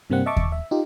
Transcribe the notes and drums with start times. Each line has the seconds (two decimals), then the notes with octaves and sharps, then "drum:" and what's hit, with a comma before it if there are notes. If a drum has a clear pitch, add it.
0.10 G2 C3 G3 A#3 C4 F#5
0.26 D#5 E5 A5 C#6 D6
0.37 drum: kick D#2
0.52 E5
0.71 D#4 F4 G4